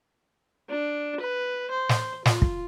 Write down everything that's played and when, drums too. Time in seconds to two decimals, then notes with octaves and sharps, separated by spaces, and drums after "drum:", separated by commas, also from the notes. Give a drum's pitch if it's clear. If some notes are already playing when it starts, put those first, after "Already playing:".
0.70 D4
1.21 B4
1.71 C5
1.89 drum: snare
2.25 F4, drum: snare
2.42 drum: kick